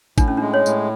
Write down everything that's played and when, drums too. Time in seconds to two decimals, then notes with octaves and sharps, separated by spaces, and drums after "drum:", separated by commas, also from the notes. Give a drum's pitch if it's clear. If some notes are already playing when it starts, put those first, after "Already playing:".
0.18 A2 D4, drum: kick G#1, tambourine
0.28 C#4
0.37 G#3 D4
0.54 C#5
0.66 A2, drum: tambourine